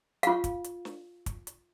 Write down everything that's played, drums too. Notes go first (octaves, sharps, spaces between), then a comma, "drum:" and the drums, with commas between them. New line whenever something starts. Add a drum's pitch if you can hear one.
F4 F5, drum: hi-hat
drum: kick, hi-hat
drum: hi-hat
drum: snare
drum: kick, hi-hat
drum: hi-hat